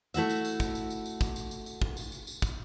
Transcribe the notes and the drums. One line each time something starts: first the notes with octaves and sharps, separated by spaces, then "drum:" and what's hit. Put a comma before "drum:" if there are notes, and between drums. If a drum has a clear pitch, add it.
A3 E4 F#4 E5, drum: tambourine
drum: tambourine
drum: tambourine
drum: kick, tambourine
drum: tambourine
drum: tambourine
drum: tambourine
drum: kick, tambourine
drum: tambourine
drum: tambourine
drum: tambourine
drum: kick
drum: tambourine
drum: tambourine
drum: tambourine
drum: kick, tambourine